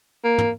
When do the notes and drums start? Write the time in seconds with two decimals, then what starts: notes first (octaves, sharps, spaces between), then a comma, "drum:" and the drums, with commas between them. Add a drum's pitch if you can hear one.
0.24 A#3
0.38 drum: tom